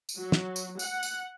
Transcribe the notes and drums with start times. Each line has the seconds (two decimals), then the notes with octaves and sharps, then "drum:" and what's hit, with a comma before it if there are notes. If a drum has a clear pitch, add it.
0.09 drum: tambourine
0.18 F#3
0.32 drum: snare
0.56 drum: tambourine
0.79 F#5, drum: tambourine
1.03 drum: tambourine